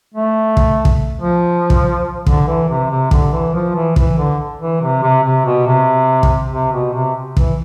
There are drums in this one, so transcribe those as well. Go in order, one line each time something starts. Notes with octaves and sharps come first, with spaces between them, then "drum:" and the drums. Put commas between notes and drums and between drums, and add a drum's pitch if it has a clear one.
A3
drum: kick
drum: kick
F3
drum: kick
D3, drum: kick
E3
C3
C3
D3, drum: kick
E3
F3
E3
E3, drum: kick
D3
E3
C3
C3
C3
B2
C3
drum: kick
C3
B2
C3
E3, drum: kick